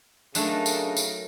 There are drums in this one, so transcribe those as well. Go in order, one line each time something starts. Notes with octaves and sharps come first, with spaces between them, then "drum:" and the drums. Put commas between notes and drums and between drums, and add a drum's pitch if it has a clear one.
C#3 F#3 A3 D4 D#4 A#4, drum: tambourine
drum: tambourine
drum: tambourine